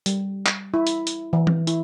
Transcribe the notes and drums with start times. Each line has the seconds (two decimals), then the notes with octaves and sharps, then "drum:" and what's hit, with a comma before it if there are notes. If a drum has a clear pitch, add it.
0.06 G3, drum: hi-hat
0.46 drum: clap
0.74 E4
0.87 drum: hi-hat
1.07 drum: hi-hat
1.33 E3
1.47 drum: tom E3
1.67 E4, drum: hi-hat